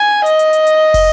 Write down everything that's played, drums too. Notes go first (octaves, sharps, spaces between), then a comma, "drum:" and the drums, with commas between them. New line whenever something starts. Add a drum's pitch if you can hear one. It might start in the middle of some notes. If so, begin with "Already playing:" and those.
Already playing: G#5
D#5, drum: hi-hat
drum: hi-hat
drum: hi-hat
drum: hi-hat
drum: kick, open hi-hat